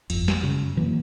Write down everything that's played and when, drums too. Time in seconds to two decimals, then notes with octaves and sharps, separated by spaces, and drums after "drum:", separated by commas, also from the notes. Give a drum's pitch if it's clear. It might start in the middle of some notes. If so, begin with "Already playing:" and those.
0.10 G1 F2, drum: cymbal
0.28 drum: snare
0.43 F#2 C#3
0.76 B2 E3 F#3 A#3